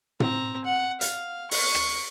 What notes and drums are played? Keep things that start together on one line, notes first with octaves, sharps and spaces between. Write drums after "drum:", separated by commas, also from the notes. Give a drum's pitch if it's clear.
C4 A#5, drum: tom
F#5
F5, drum: hi-hat
C#6, drum: open hi-hat
drum: rim click